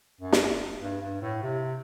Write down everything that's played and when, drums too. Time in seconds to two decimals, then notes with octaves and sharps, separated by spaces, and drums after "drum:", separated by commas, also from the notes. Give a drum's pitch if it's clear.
0.21 F#2
0.33 drum: snare
0.81 G2
1.01 G2
1.22 A2
1.43 C3